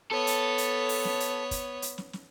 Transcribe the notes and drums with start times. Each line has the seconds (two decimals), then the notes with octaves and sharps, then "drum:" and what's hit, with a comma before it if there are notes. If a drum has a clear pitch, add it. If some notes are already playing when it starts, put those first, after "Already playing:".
0.11 B3 A4 C#5
0.27 drum: hi-hat
0.58 drum: hi-hat
0.89 drum: open hi-hat
1.05 drum: snare
1.20 drum: hi-hat
1.51 drum: kick, hi-hat
1.82 drum: hi-hat
1.98 drum: snare
2.13 drum: snare